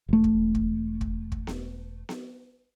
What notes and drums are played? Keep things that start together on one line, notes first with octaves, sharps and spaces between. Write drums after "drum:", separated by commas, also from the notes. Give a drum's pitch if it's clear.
E1 A3
drum: kick
drum: kick
drum: kick
drum: kick
drum: snare B3
drum: snare B3